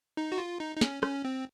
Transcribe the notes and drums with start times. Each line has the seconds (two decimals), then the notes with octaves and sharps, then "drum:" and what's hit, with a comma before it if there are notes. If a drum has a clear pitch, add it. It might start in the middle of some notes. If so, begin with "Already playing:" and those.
0.17 D#4
0.32 F#4
0.38 F4
0.60 D#4
0.77 D#4
0.81 C#4, drum: snare
1.03 C#4, drum: rim click
1.25 C4